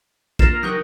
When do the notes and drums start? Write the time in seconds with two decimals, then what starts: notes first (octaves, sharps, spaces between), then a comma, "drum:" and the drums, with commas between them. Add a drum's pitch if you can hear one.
0.39 A#3 F4 A6 C7 E7, drum: kick
0.63 F#3 D#4 G4 A#4 F#6 A#6